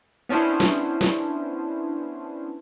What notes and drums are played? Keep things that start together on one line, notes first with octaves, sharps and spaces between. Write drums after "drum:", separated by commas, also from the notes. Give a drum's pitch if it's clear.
B3 C#4 D4 E4 C5
drum: snare
drum: snare